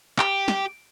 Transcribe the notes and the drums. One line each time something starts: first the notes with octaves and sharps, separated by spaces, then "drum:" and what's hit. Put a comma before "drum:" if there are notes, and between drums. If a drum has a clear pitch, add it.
G4, drum: clap
drum: snare